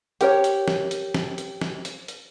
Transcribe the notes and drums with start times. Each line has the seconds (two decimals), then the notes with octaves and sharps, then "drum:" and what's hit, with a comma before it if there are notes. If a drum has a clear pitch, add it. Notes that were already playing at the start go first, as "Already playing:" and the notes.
0.21 G4 A#4 C#5, drum: hi-hat
0.44 drum: hi-hat
0.68 drum: snare
0.91 drum: hi-hat
1.15 drum: snare
1.38 drum: hi-hat
1.61 drum: snare
1.85 drum: hi-hat
2.08 drum: hi-hat